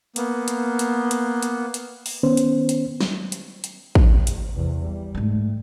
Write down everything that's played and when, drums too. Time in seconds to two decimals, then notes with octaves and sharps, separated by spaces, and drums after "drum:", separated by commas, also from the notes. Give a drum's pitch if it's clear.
0.16 A#3 B3, drum: hi-hat
0.48 drum: hi-hat
0.79 drum: hi-hat
1.11 drum: hi-hat
1.42 drum: hi-hat
1.74 drum: hi-hat
2.06 drum: open hi-hat
2.23 D#3 B3 C#4 C5
2.37 drum: hi-hat
2.69 drum: hi-hat
3.01 drum: snare
3.32 drum: hi-hat
3.64 drum: hi-hat
3.95 drum: kick A1
4.27 drum: hi-hat
4.55 E2 C3
4.84 G3
5.15 G#2 A3